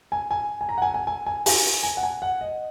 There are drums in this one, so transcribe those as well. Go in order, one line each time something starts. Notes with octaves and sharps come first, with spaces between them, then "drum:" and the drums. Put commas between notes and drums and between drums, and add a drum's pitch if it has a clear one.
G#5
G#5
G#5
A#5
F#5
G#5
G#5
G#5
G#5
G#5, drum: open hi-hat
G#5
F#5
G#5
F#5
D#5